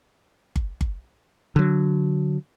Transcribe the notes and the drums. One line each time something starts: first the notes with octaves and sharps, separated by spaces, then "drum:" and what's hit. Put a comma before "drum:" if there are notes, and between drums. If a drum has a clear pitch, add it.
drum: kick G1
drum: kick G1
D3 F#3